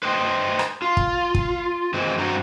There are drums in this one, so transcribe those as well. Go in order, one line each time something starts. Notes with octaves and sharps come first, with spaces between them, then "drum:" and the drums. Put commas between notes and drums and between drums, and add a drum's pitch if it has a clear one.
B4 C5 D#5 G5
drum: rim click
F4
drum: kick
drum: kick
E3 G#3 C4
G2 C4 F#4 A#5